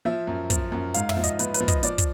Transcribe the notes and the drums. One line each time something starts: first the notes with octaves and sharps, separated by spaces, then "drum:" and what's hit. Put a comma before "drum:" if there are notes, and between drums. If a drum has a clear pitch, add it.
F3 E5
F#2
F3, drum: kick, hi-hat
F#2
G#2 F5, drum: hi-hat
E5, drum: tom
F3
D#5, drum: hi-hat
F3 B4, drum: hi-hat
B4, drum: hi-hat
F3
D#5, drum: kick, hi-hat
F3 D5, drum: hi-hat
drum: kick, hi-hat